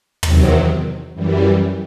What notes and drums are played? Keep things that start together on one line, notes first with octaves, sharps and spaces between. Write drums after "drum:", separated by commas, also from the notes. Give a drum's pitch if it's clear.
E2 C3 D#3 F#3 C4, drum: tom
F#2 E3 G3